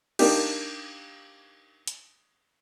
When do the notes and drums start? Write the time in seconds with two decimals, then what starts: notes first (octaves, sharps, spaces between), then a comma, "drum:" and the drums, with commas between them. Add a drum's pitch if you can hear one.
0.19 A#3 D4 D#4 G4, drum: cymbal
1.87 drum: hi-hat